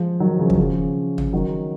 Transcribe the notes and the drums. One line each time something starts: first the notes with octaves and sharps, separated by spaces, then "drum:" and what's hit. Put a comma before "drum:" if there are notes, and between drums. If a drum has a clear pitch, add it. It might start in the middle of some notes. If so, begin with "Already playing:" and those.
Already playing: F3 G#3
D#3 F#3
C#3 F3
F#3, drum: kick
C#3 F3
drum: tom
D#3 F#3